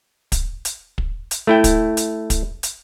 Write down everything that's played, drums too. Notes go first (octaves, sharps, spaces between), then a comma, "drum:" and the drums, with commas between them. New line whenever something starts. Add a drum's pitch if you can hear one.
drum: kick, hi-hat
drum: hi-hat
drum: kick
drum: hi-hat
A3 E4 G5
drum: kick, hi-hat
drum: hi-hat
drum: kick, hi-hat
drum: hi-hat